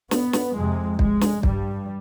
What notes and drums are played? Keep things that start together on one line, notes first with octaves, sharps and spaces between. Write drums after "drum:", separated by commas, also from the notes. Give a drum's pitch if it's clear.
B3, drum: snare
drum: snare
F2 C3 G#3
G#3, drum: kick
drum: snare
G2 G3, drum: kick